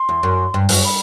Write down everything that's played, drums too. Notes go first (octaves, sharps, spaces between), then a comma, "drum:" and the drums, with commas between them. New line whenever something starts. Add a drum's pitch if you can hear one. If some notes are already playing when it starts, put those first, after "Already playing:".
Already playing: C6
E2
F#2
G2
F#2, drum: open hi-hat
B5